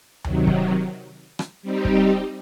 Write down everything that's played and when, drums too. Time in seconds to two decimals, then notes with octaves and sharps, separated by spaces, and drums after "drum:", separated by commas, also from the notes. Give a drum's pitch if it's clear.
0.24 C3 D#3 F#3, drum: tom D2
0.47 drum: kick
1.39 drum: rim click
1.62 G3 C4 D#4 G4
1.85 drum: kick